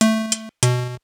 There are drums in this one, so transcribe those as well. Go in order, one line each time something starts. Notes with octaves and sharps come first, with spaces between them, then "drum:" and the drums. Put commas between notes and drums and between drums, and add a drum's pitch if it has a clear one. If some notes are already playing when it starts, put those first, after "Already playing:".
A3, drum: hi-hat
drum: hi-hat
B2, drum: hi-hat